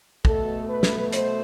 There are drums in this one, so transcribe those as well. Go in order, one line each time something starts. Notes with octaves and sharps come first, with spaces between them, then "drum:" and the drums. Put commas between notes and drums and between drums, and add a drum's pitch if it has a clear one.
B2 A3 A4, drum: kick
B4
drum: snare
C5, drum: hi-hat